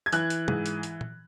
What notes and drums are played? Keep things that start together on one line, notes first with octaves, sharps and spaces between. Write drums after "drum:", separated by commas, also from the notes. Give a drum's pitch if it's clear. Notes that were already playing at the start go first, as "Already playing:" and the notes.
G#6
E3 F#6, drum: hi-hat
drum: hi-hat
G#2, drum: tom
drum: hi-hat
drum: hi-hat
drum: tom A#2